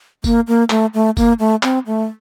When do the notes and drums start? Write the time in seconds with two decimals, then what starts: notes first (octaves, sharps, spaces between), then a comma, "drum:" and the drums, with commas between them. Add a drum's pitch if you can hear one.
0.24 A#3, drum: kick F#1, tambourine
0.48 A#3
0.70 A3, drum: clap
0.94 A3
1.17 A#3, drum: kick F#1, tambourine
1.39 A3
1.63 C4, drum: clap
1.86 A3